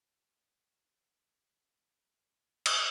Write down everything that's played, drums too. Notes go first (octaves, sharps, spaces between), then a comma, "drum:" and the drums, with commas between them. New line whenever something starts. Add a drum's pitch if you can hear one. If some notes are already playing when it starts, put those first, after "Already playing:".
C#3 A#4 D#6
drum: cymbal